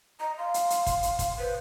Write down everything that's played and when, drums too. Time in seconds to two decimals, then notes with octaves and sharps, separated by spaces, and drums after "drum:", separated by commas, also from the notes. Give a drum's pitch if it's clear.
0.20 D#5 A#5
0.38 F5 C6
0.54 drum: hi-hat
0.70 drum: hi-hat
0.86 drum: kick, hi-hat
1.03 drum: hi-hat
1.19 drum: kick, hi-hat
1.39 B4 C5